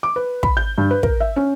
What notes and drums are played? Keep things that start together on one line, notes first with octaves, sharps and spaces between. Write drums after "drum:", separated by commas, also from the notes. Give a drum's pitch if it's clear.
D6
B4
B5, drum: kick
G6
G2
B4
A#4, drum: kick
E5
C#4